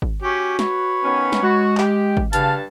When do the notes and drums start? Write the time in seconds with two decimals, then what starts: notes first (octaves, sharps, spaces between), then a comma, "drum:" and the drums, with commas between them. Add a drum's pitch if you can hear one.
0.02 drum: kick G#1
0.22 C#4 F#4 G4
0.59 B4 C#5, drum: snare
1.04 D#3 B3 C#4
1.32 drum: snare
1.42 G#3 F#4
1.77 G4, drum: clap
2.17 drum: kick G#1
2.33 G2 C#3 F5 A5, drum: hi-hat